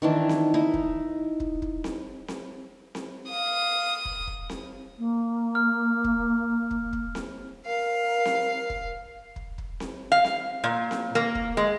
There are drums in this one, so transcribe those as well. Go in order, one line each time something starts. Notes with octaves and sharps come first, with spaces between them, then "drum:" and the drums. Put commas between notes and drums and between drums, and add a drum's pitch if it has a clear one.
D#3 E3 D4
drum: snare C4
D#4 E4 D#5
drum: kick
drum: kick
drum: kick
drum: snare C4
drum: snare C4
drum: snare C4
F5 D#6
drum: kick
drum: kick
drum: snare C4
A#3
F6
drum: kick
drum: kick
drum: kick
drum: snare C4
A#4 F5
drum: snare C4
drum: kick
drum: kick
drum: kick
drum: snare C4
F5
drum: snare C4
A#2
drum: snare C4
A#3
drum: kick
G#3